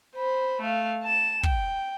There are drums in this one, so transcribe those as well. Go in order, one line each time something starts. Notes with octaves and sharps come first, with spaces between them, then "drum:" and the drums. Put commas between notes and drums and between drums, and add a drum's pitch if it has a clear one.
C5 B5
A3 F5
A5 E7
G5, drum: kick